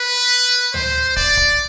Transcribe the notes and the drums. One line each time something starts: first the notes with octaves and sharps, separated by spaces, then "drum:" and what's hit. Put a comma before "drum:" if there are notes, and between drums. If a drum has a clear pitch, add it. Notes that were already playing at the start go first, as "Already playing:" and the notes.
Already playing: B4
C5, drum: tom D2
D5, drum: kick
drum: kick